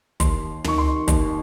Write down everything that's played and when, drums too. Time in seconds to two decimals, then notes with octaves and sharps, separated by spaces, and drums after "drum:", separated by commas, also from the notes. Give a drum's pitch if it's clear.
0.20 D#2 C6, drum: kick, hi-hat
0.64 D#3 C#6, drum: tom
0.78 C6
1.08 D#2, drum: kick, hi-hat